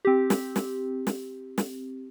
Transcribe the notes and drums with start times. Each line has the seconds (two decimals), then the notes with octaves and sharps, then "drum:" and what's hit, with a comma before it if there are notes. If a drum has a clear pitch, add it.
0.05 C4 G4
0.30 drum: snare
0.56 drum: snare
1.07 drum: snare
1.58 drum: snare